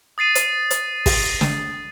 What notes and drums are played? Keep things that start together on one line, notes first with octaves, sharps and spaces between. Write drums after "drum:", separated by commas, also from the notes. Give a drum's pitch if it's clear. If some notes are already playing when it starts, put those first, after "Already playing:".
D#6 A6 C7 D#7
drum: hi-hat
drum: hi-hat
drum: kick, open hi-hat
drum: snare